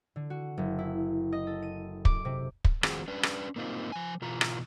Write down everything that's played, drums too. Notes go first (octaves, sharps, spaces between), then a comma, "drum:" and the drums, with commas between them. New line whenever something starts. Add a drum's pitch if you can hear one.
D3
F#4
F#1
E4
D#5
A4
D#7
D6, drum: kick
C3
drum: kick
D#3 F3 C4 F#4 G#4, drum: rim click
C#4 D4 B4
drum: rim click
A#3 C4 D#4 F4
F3 G#5
B2 E3 F4 A#5
drum: rim click